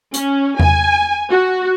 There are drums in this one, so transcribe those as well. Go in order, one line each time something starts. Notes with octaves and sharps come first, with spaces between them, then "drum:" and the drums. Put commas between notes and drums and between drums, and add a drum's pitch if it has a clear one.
C#4, drum: hi-hat
G#5, drum: tom E2
F#4